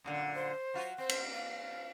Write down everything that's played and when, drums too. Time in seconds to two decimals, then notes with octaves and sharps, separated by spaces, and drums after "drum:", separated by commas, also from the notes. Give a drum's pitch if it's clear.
0.04 F#2 A#2 D3
0.35 C5
0.74 F#3 F4 F#4
0.98 C4 C5
1.09 drum: cymbal
1.33 F5